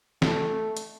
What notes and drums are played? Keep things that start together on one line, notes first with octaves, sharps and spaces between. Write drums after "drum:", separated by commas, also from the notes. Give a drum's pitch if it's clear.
A3, drum: snare
drum: hi-hat